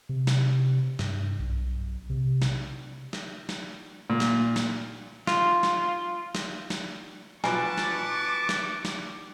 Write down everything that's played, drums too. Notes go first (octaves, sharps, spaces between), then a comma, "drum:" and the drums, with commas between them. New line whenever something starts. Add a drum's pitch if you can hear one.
C3
drum: snare
G2, drum: snare
B1
C3
drum: snare
drum: snare
drum: snare
A#2
drum: snare
drum: snare
F4, drum: snare
drum: snare
drum: snare
drum: snare
B2 F3 F#3 B4 G#5 A5 C#6 D6, drum: snare
drum: snare
drum: snare
drum: snare